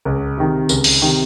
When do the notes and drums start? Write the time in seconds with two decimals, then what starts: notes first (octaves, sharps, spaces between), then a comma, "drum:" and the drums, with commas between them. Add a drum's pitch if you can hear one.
0.05 C#2
0.38 C3 D#3
0.69 C#2, drum: tambourine
0.84 drum: open hi-hat
1.02 C3 D#3